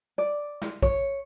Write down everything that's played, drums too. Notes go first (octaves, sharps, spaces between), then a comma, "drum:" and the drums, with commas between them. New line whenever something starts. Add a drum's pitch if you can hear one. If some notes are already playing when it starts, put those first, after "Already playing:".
D5
drum: snare
C#5, drum: kick A#1